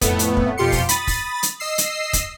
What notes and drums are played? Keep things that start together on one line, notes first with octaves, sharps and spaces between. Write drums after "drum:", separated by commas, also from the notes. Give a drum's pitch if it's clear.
F2 A2 A3 B3, drum: kick, hi-hat
drum: hi-hat
drum: kick
F2 B2 F4 G4 C6 C#7
drum: kick, open hi-hat
B5 D#6 A6, drum: hi-hat
drum: kick, open hi-hat
drum: hi-hat
D#5 E6 C7
drum: hi-hat
drum: kick, hi-hat